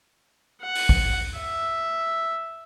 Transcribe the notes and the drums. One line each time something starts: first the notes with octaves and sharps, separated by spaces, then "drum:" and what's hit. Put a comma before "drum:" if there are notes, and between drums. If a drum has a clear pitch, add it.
F#5
drum: open hi-hat
drum: kick
E5